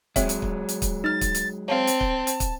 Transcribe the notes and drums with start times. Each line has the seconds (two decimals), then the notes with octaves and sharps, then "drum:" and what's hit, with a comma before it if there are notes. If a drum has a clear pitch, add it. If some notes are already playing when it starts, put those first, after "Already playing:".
0.16 F#3 G#3 C4 C#5 E5, drum: kick, hi-hat
0.29 drum: hi-hat
0.42 drum: kick
0.69 drum: hi-hat
0.82 drum: kick, hi-hat
1.04 D#4 F6 A6
1.21 drum: kick, hi-hat
1.35 drum: hi-hat
1.68 C4 C#5 F5 A5
1.87 drum: hi-hat
2.01 drum: kick
2.27 drum: hi-hat
2.40 drum: kick, hi-hat